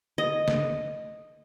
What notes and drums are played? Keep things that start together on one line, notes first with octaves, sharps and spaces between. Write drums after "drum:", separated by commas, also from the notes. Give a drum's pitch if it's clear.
D#5
drum: snare